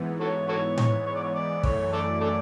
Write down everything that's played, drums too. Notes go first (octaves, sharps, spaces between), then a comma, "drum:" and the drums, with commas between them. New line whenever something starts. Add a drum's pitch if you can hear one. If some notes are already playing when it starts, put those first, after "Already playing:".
Already playing: G#2 E3 B3
F#4 A4 C#5
F#4 A4 C#5
C#5, drum: tom A2
C#5
D5
C#5
D5
F#2 E3 A3 C#5, drum: kick
A4 D5
A4 D5